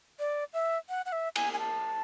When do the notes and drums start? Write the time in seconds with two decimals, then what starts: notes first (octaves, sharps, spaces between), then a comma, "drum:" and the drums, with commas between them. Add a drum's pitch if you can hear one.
0.19 D5
0.54 E5
0.89 F#5
1.06 F#5
1.12 E5
1.36 G#5, drum: cymbal
1.53 G#5
1.59 A5